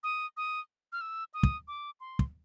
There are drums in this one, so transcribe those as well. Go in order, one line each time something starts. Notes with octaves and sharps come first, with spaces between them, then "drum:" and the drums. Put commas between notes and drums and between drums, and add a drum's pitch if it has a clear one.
D#6
D#6
F6
E6
D#6
drum: kick
D6
C6
drum: kick